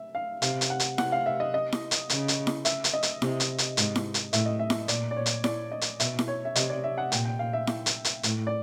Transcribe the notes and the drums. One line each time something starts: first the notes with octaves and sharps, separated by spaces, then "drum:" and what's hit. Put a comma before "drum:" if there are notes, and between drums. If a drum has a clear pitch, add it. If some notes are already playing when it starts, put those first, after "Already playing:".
Already playing: E5
F5
C3 F5, drum: hi-hat
drum: hi-hat
F#5
drum: hi-hat
C3 F#5, drum: snare E4
F5
E5
D#5
D#5
drum: snare E4
drum: hi-hat
C#3, drum: hi-hat
drum: hi-hat
drum: snare E4
E5, drum: hi-hat
drum: hi-hat
D#5
drum: hi-hat
C3, drum: snare E4
drum: hi-hat
drum: hi-hat
G#2, drum: hi-hat
drum: snare E4
drum: hi-hat
A2 E5, drum: hi-hat
D#5
E5
drum: snare E4
A#2 D5, drum: hi-hat
D5
C#5
drum: hi-hat
D5, drum: snare E4
D#5
drum: hi-hat
B2 E5, drum: hi-hat
drum: snare E4
C#5
E5
C3 D#5, drum: hi-hat
D5
E5
F#5
A#2 G5, drum: hi-hat
G5
F5
E5
drum: snare E4
drum: hi-hat
drum: hi-hat
A2, drum: hi-hat
D5